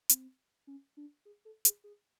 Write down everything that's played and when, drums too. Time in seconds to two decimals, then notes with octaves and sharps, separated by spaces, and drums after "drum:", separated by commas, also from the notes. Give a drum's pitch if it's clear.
0.09 C4, drum: hi-hat
0.67 C#4
0.97 D4
1.25 G#4
1.45 A4
1.65 G#4, drum: hi-hat
1.84 G#4